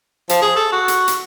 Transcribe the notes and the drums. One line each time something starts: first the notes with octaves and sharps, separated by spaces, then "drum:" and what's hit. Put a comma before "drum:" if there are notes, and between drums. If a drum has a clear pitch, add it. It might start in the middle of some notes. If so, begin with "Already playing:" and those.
F3, drum: hi-hat
G#4
A4
F#4
drum: hi-hat
drum: hi-hat